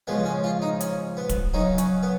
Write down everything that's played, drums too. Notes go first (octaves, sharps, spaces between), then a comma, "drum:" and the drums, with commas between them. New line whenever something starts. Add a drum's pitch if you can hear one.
C#3 F3 G#3 B3
C#4
F4
D#4
C#4, drum: hi-hat
B3
drum: kick, hi-hat
C#3 F#3 D#4
C#4, drum: hi-hat
B3